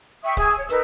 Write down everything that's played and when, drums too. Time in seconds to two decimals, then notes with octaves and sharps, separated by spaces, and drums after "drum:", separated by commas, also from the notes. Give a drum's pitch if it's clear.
0.23 E5 G5 C#6 D#6
0.37 G#4 G#5 D#6 E6, drum: kick C#1
0.56 C#5
0.69 D#4 A#4 B4 E6, drum: hi-hat